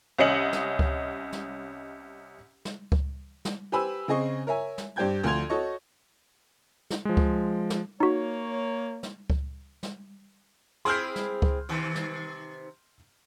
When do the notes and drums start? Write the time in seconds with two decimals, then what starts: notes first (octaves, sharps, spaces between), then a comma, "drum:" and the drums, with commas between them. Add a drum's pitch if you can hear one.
0.18 C2 C#4 D#5 C#7 F#7
0.53 drum: snare
0.79 drum: kick C#2
1.32 drum: snare
2.65 drum: snare
2.92 drum: kick C#2
3.45 drum: snare
3.72 G4 B4 C5 G#5 B5 E6
4.08 C#3 C4 G#4 D#5 C#6
4.47 A#4 C#5 E5 G#5
4.78 drum: snare
4.96 G2 G4 C5 G5 G6 G#6
5.24 D2 F3 F4 C6 G#6 F7
5.50 F#4 A4 C#5 D#5 C#6
6.90 drum: snare
7.05 F3 G#3
7.17 drum: kick C#2
7.70 drum: snare
8.00 A#3 D#4 F#4 C#5
9.03 drum: snare
9.30 drum: kick C#2
9.83 drum: snare
10.85 C4 E4 G#4 C6 F6 G6
11.16 drum: snare
11.42 drum: kick C#2
11.69 C3 D#3
11.95 drum: snare